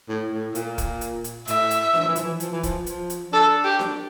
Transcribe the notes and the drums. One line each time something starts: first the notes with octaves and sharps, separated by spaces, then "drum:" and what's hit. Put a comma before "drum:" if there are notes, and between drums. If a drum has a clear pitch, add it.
A2
A2
A#2, drum: hi-hat
drum: kick, hi-hat
drum: hi-hat
drum: hi-hat
A2 E5, drum: hi-hat
drum: hi-hat
E3, drum: snare D4
F3
E3
F3, drum: hi-hat
E3
F3, drum: hi-hat
E3
F3, drum: kick, hi-hat
F3, drum: hi-hat
drum: hi-hat
D4 A4
G4
drum: snare D4